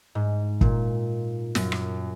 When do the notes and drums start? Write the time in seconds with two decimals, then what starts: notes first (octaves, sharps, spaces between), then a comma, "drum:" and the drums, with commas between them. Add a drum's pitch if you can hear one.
0.15 G#2
0.61 A#2, drum: kick
1.55 F#2, drum: snare
1.72 drum: rim click